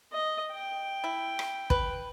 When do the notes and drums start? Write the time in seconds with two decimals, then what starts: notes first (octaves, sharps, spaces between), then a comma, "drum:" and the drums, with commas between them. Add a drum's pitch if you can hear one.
0.13 D#5
0.52 G5
1.04 E4
1.39 drum: rim click
1.70 B4, drum: kick